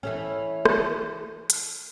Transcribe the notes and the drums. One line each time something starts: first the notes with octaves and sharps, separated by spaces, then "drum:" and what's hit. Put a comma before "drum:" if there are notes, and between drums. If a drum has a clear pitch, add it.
E3 A3 C#4
drum: rim click
drum: hi-hat